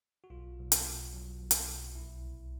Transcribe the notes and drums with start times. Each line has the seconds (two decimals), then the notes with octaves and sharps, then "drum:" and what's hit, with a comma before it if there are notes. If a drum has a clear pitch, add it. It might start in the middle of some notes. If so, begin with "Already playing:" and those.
0.24 F#4
0.30 B1 F4
0.59 B1
0.72 drum: hi-hat
0.86 B2
1.13 F#3
1.41 B1
1.51 drum: hi-hat
1.68 B1
1.95 C2 E4
2.24 C2